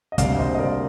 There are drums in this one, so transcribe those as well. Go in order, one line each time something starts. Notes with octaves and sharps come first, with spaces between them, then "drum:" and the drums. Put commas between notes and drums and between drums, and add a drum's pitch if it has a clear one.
D#5
D2 C3 G3 A#3 D5 F5, drum: kick, hi-hat
C5 D#5
D#5
A#4 D5